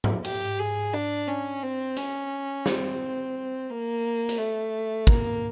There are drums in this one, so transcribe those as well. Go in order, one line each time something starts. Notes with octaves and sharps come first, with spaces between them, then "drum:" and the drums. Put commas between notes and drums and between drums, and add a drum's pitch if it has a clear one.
drum: tom G#2
G4, drum: cymbal
G#4
D4
C#4
C4
C#4, drum: hi-hat
C4, drum: snare
A#3
drum: hi-hat
A3
A#3, drum: kick